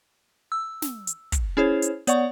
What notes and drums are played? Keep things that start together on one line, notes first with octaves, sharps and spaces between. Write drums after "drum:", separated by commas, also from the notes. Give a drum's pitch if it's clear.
E6
drum: snare
drum: hi-hat
drum: kick, hi-hat
C#4 E4 G#4 C5 C#5
drum: hi-hat
B3 C#5 D5 F#5 C#6, drum: hi-hat